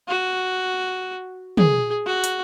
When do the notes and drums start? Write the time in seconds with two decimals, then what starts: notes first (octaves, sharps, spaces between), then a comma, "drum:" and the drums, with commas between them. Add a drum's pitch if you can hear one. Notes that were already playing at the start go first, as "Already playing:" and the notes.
0.08 F#4
1.57 G#4, drum: tom
2.06 F#4
2.24 drum: hi-hat